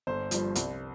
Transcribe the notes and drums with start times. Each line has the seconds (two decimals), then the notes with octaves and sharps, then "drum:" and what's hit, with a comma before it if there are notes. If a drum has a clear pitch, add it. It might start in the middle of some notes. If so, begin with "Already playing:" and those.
0.07 G1 C5
0.31 G2 F3, drum: hi-hat
0.55 C2, drum: hi-hat